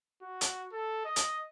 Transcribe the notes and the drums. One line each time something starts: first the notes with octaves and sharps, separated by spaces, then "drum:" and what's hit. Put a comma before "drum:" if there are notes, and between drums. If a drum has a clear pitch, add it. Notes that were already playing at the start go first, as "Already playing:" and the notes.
F#4
drum: hi-hat
A4
D#5
drum: hi-hat